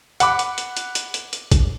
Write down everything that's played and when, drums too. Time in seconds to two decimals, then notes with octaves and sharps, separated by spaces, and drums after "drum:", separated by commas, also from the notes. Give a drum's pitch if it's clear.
0.20 F#5 B5 D6, drum: hi-hat
0.39 drum: hi-hat
0.58 drum: hi-hat
0.77 drum: hi-hat
0.95 drum: hi-hat
1.14 drum: hi-hat
1.33 drum: hi-hat
1.52 drum: kick A1, hi-hat